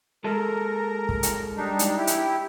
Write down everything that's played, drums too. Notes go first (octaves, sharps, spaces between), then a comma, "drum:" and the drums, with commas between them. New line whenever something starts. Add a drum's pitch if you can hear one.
G#3 A4 A#4
drum: kick
drum: hi-hat
G3 D4 D#4
drum: hi-hat
E4 G4
drum: hi-hat